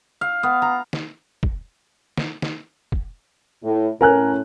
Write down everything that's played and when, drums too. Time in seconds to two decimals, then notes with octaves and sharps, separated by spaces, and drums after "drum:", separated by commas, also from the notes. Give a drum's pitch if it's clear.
0.21 F5
0.43 B3
0.62 A#5
0.93 drum: snare
1.43 drum: kick
2.18 drum: snare
2.42 drum: snare
2.92 drum: kick
3.63 A2
4.01 A2 C#4 A#4 G#5 F#6